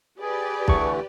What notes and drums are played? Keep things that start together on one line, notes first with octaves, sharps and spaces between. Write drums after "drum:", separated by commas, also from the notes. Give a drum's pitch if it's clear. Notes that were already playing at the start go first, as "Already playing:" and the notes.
G4 G#4 B4 D5
D3 E3 A3 G#5 A5 C#6, drum: kick